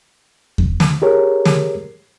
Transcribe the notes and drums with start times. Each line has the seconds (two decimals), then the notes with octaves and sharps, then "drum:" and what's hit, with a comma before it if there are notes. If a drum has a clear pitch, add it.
0.58 drum: kick E2
0.80 drum: snare
1.02 G4 G#4 A#4 C#5
1.45 drum: snare